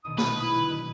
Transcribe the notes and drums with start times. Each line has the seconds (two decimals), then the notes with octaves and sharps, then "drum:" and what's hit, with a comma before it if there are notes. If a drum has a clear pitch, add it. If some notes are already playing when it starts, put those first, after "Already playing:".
0.05 A#1 B2 D#3 D#6
0.18 B4 G#5, drum: snare
0.42 E4
0.54 D3 F#3
0.70 B2 D#7